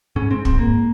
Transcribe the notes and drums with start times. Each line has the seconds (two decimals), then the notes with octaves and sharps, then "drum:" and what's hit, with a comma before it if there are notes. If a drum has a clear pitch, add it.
0.16 G#2 C#4
0.30 G#2 C4
0.45 G#2 C4, drum: kick
0.59 G#2 A#3